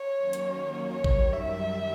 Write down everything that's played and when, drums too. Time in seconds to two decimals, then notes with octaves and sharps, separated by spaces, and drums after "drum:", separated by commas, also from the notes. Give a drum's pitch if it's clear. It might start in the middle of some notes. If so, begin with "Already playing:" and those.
Already playing: C#5
0.17 D#2 D#3 F#3 A#3 C#4
0.33 drum: hi-hat
0.94 F#2 D#3 G3 C#5
1.04 drum: kick A1
1.33 E5